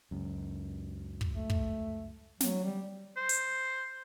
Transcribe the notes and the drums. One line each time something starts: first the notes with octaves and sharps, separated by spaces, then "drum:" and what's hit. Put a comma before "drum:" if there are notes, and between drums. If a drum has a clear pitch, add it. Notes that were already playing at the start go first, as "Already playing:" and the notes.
C#2 F#2
drum: kick
A3
drum: kick
F#3, drum: snare
G3
C5
drum: hi-hat